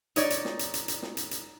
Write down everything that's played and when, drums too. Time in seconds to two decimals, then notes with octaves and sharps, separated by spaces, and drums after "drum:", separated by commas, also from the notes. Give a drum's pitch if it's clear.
0.16 D#4 C#5 D5, drum: hi-hat
0.30 drum: hi-hat
0.45 drum: snare
0.59 drum: hi-hat
0.74 drum: hi-hat
0.88 drum: hi-hat
1.02 drum: snare
1.17 drum: hi-hat
1.31 drum: hi-hat